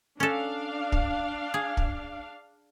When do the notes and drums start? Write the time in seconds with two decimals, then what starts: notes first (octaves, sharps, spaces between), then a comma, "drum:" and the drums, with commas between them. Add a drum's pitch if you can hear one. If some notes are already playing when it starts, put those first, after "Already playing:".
0.20 C#4 D4 A4 F5
0.92 drum: kick
1.54 G#4
1.77 drum: kick